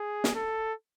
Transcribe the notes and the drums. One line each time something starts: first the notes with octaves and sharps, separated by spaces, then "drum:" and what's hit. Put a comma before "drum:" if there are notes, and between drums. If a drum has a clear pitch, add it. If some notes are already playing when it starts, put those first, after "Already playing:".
Already playing: G#4
drum: snare
A4